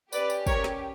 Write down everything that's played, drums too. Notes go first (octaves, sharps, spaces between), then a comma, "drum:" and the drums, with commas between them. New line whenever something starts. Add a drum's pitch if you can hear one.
C#4 G4 B4 D5, drum: tambourine
drum: tambourine
A#4 C#5, drum: kick, tambourine
drum: snare